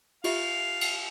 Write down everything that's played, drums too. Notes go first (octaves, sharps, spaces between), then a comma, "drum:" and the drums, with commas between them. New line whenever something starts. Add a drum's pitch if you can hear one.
F4 G4 E5 F5, drum: cymbal
drum: cymbal